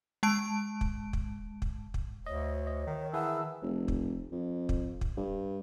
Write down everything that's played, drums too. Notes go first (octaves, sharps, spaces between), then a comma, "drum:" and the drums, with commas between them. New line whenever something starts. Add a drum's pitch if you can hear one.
G#3 A5 D7
drum: kick
drum: kick
drum: kick
drum: kick
D2 C#5 D#5
D#5
D#3
E3 G#4 B4 E5 F#5 A5 E6
F1
drum: kick
F2
drum: kick
drum: kick
G2